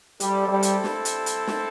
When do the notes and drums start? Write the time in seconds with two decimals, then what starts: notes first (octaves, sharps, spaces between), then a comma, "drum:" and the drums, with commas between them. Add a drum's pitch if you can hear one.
0.20 G3 C4 E4 A4, drum: hi-hat
0.48 G3
0.63 drum: hi-hat
0.84 drum: snare
1.05 drum: hi-hat
1.26 drum: hi-hat
1.47 drum: snare